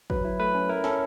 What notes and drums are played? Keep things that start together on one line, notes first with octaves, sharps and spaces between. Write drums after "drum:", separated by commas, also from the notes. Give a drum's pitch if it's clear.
F#3 B4, drum: kick
E4
A3 B4
C#4
E4 A#4
C#4 A4, drum: snare